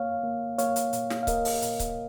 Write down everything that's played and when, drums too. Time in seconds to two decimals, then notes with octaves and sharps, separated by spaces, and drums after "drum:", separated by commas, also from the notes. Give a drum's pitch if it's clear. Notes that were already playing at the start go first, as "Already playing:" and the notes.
Already playing: A#3 C#5 F5
0.23 A#3
0.58 A#3 C#5 F5, drum: hi-hat
0.76 drum: hi-hat
0.93 A#2, drum: hi-hat
1.10 drum: snare
1.23 F5
1.27 A#3 A#4 D#5, drum: kick C#1, hi-hat
1.45 drum: open hi-hat
1.62 A#2, drum: hi-hat
1.79 drum: kick C#1, hi-hat